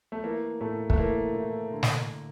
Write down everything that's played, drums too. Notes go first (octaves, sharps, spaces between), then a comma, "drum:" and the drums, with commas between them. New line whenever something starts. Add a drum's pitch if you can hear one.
A3
E3 A#3
A2 A3
A3, drum: kick
E3 A#3
A2
D3
drum: snare